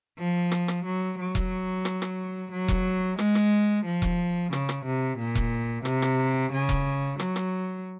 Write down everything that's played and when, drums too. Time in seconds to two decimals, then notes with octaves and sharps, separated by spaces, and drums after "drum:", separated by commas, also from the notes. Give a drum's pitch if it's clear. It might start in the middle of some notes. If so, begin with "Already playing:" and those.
0.18 F3
0.51 drum: rim click
0.68 drum: rim click
0.85 F#3
1.19 F#3
1.35 drum: kick E1
1.85 drum: rim click
2.02 drum: rim click
2.52 F#3
2.68 drum: kick E1
3.18 G#3, drum: rim click
3.35 drum: rim click
3.85 F3
4.02 drum: kick E1
4.53 C#3, drum: rim click
4.69 drum: rim click
4.86 C3
5.19 A#2
5.35 drum: kick E1
5.85 C3, drum: rim click
6.02 drum: rim click
6.52 C#3
6.69 drum: kick E1
7.19 F#3, drum: rim click
7.36 drum: rim click